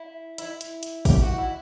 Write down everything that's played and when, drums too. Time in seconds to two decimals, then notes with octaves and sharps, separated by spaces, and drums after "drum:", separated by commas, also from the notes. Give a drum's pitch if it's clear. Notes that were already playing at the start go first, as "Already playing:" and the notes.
Already playing: E4
0.38 E4, drum: hi-hat
0.61 drum: hi-hat
0.83 drum: hi-hat
1.05 G4, drum: kick G#1, open hi-hat
1.22 F#4
1.38 E4